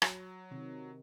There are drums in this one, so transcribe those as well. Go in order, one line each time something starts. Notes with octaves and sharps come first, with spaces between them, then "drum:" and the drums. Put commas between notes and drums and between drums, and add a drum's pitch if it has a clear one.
F#3, drum: rim click
C3 D#3